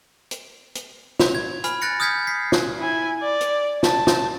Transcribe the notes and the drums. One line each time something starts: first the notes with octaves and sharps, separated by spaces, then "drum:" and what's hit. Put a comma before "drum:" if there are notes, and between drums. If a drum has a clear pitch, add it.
drum: hi-hat
drum: hi-hat
F7, drum: snare
G#6
G#5 B5 F6, drum: hi-hat
G#5 F#6 A6 A#6 C#7
D#6 F6 G6 G#6 B6 C#7
B6 C7
drum: snare
E4 G#5
D5
drum: hi-hat
A5, drum: snare
drum: snare